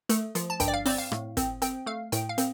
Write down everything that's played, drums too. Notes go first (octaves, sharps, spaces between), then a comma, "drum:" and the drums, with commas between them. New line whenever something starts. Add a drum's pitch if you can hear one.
A3, drum: hi-hat
F3, drum: hi-hat
A5
G2 G5, drum: kick, hi-hat
D5
F5
C4 D5, drum: open hi-hat
F5
A2, drum: rim click
C4, drum: kick, hi-hat
C4 G5, drum: hi-hat
A3 F5
A2 G5, drum: hi-hat
F5
C4, drum: hi-hat